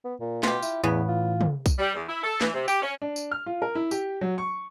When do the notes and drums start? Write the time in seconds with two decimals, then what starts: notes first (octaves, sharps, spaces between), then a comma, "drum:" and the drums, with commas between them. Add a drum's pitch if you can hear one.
0.04 B3
0.20 A#2
0.43 B2 F4 G4, drum: snare
0.62 E4, drum: tambourine
0.84 E2 A2 C#3 E3 B3
1.08 F4
1.41 drum: tom
1.66 drum: kick B1, tambourine
1.79 G3
1.94 E2
2.09 E4
2.23 A4
2.41 E3, drum: snare
2.54 C3
2.68 G4, drum: tambourine
2.82 C#4
3.02 D4
3.16 drum: tambourine
3.31 F6
3.46 F4
3.62 A#4
3.75 E4
3.91 G4, drum: tambourine
4.21 F#3
4.38 C#6